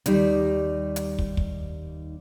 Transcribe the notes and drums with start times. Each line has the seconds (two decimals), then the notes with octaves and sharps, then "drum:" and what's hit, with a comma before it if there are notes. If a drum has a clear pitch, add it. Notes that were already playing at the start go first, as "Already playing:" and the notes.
0.06 D#2 G3 D#4 D5, drum: hi-hat
0.96 drum: hi-hat
1.19 drum: kick
1.37 drum: kick